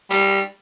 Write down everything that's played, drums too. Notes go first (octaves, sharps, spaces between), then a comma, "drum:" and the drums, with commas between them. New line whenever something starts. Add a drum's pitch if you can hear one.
G3, drum: hi-hat